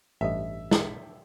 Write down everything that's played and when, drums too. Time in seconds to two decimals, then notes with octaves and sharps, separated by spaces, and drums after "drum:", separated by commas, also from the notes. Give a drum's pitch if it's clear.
0.21 A1 G2 D#5 E5
0.71 drum: snare